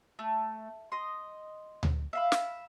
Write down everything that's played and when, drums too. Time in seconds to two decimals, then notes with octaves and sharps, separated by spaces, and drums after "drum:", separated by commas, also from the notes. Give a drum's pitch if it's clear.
0.19 A3
0.92 D#5 C6
1.83 drum: tom D2
2.13 E5 F5 B5
2.32 drum: snare